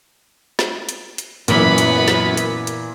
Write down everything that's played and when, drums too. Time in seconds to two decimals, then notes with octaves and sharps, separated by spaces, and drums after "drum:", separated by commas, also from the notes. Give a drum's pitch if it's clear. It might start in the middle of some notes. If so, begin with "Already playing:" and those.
0.59 drum: snare
0.89 drum: hi-hat
1.18 drum: hi-hat
1.48 F#2 A#2 E3 B3 B5, drum: hi-hat
1.78 drum: hi-hat
2.08 drum: snare
2.37 drum: hi-hat
2.67 drum: hi-hat